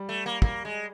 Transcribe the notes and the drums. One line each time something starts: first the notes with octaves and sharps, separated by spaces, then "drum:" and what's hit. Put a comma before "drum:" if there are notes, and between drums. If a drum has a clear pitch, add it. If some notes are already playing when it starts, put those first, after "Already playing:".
Already playing: G3
A3
A#3
A#3, drum: kick
G#3